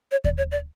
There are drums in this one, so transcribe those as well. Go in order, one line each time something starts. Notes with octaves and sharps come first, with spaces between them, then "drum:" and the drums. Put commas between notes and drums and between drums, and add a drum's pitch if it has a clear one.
C#5
D5, drum: kick D#2
C#5
D5